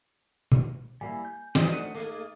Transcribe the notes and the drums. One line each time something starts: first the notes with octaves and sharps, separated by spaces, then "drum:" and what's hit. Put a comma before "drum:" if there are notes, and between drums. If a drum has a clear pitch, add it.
drum: tom
G3 A#3 E4 G#5
G6
D4 D#4 F#4 G#4 C5 D#5, drum: snare
A3 F#5 D#7
A3 A#3 D#4 G#4